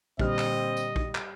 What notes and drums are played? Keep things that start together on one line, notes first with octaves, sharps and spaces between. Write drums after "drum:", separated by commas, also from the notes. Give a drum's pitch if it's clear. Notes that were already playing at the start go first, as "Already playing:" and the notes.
A#2 D3 G3 C4 D#5 F6, drum: kick
drum: clap
drum: tambourine
drum: kick
drum: clap